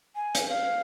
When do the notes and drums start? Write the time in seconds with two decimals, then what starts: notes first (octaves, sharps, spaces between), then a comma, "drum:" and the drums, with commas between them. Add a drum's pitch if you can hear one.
0.16 G#5
0.35 drum: hi-hat
0.49 F5